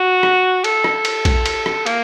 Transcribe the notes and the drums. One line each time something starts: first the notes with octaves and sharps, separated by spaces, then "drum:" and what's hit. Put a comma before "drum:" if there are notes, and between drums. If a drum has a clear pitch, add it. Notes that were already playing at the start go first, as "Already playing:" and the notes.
Already playing: F#4
drum: rim click
A4, drum: cymbal
drum: rim click
drum: cymbal
drum: kick, cymbal
drum: cymbal
drum: rim click
A#3, drum: cymbal